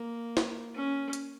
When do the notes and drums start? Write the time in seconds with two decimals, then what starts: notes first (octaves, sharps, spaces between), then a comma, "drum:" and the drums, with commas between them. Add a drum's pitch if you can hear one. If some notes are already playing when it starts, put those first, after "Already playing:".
Already playing: A#3
0.37 drum: snare E4
0.75 C#4
1.13 drum: hi-hat